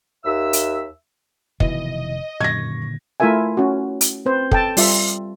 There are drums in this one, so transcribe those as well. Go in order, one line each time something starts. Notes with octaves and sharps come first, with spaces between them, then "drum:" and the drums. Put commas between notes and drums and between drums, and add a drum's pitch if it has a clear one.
D#2 E5 E6
drum: hi-hat
F1 B2 D#3 E3 E4 D#5, drum: kick
F#2 A#2 D3 D#3 C#6 G#6 A#6
A3 E4 F4 A#4 E5 G#5
C#4 F#4
drum: hi-hat
C4 B4 C5
A4 G5 A5, drum: kick
G3 F4 E5, drum: open hi-hat